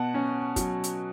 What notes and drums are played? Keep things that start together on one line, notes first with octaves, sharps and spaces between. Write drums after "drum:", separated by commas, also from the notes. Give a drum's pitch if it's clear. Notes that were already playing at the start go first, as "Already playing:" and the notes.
Already playing: B2 F#5 A5
C#4
F#3, drum: kick, hi-hat
drum: hi-hat